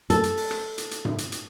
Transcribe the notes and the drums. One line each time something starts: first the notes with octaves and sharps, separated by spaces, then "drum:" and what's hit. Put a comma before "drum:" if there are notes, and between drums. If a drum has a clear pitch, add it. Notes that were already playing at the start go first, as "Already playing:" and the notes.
A4, drum: hi-hat
drum: hi-hat
drum: open hi-hat
drum: rim click
drum: hi-hat
drum: hi-hat
drum: tom G2
drum: hi-hat
drum: hi-hat